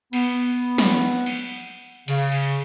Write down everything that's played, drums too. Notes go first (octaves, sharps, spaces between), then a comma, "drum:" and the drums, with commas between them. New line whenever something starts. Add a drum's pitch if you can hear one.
B3, drum: cymbal
drum: snare
drum: cymbal
C#3, drum: open hi-hat
drum: cymbal